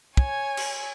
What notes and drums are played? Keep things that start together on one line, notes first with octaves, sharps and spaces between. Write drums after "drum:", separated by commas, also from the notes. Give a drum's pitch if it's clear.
C#5 G#5, drum: kick
drum: cymbal